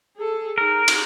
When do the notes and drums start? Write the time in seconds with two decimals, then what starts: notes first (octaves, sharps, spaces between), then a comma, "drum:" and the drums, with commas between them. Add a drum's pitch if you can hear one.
0.16 G#4 A4
0.58 D#4 G#4 A#4
0.88 drum: cymbal